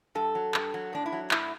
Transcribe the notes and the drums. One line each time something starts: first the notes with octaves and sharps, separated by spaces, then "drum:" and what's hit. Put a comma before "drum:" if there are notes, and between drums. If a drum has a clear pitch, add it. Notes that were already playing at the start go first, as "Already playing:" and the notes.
G2 A4
F#3
G2, drum: clap
F#3
A2 D4
E4
F#3
A2 E4, drum: clap